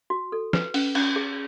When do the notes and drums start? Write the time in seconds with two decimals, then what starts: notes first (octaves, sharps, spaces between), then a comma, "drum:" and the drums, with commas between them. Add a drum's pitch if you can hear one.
0.10 F#4
0.32 A4
0.53 B4, drum: snare
0.74 C#4, drum: open hi-hat
0.95 C#4, drum: cymbal
1.16 G#4